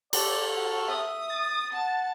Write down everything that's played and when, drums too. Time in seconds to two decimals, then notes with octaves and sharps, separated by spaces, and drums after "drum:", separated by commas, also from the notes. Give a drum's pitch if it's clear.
0.13 A4 D5, drum: cymbal
0.56 F#4
0.88 E5 D#6
1.30 A6
1.72 F#5 A5